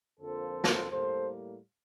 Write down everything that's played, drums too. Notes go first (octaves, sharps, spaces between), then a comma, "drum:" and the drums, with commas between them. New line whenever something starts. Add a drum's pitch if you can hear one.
F2 D3 F3 A#3 A4 C5
drum: snare
A2 G3 A#3 A4 C5